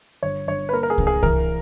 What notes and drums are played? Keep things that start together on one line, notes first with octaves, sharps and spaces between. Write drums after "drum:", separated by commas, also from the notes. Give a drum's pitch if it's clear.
G1 C#5
G1 C#5
B4
A#3 A#4
A#4
G#4
A#1, drum: kick C2
G#4
E3 A#4, drum: kick C2